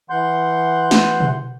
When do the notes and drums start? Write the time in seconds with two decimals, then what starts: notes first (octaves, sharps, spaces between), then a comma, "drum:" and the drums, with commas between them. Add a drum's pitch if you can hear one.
0.10 E3 F#5 C6 G6
0.91 drum: snare
1.20 drum: tom B2